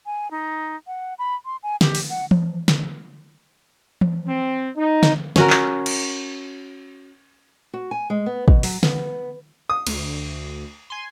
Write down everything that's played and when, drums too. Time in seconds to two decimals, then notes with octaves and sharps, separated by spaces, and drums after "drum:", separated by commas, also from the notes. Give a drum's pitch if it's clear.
0.06 G#5
0.31 D#4
0.87 F#5
1.18 B5
1.45 C6
1.63 G#5
1.81 G4, drum: snare
1.95 drum: open hi-hat
2.10 F#5
2.31 drum: tom E3
2.68 drum: snare
4.01 drum: tom E3
4.28 C4
4.77 D#4
5.03 drum: snare
5.36 C#4 F#4 A#4, drum: snare
5.50 drum: clap
5.86 drum: cymbal
7.74 F#4
7.91 G#5
8.10 G#3
8.26 B3
8.48 B2, drum: kick
8.63 F#3, drum: open hi-hat
8.83 B3, drum: snare
9.70 D#6
9.87 D2, drum: cymbal
10.90 G#5 C6